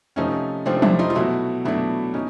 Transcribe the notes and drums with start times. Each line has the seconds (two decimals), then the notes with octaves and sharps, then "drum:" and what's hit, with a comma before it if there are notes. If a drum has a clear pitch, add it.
0.16 C3 F3 A3 C#4 D#4
0.66 C3 F3 A3 C4 D4
0.82 D4 E4, drum: tom F3
0.99 D#4 F4
1.10 F4
1.15 B2 F#3 A3 E4 F#4
1.65 B2 F#3 A3 D4 E4
2.14 B2 C#4 D#4